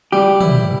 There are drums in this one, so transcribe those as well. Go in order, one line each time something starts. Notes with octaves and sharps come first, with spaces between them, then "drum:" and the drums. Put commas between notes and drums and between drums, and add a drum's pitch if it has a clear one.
G3 G4
E4, drum: tom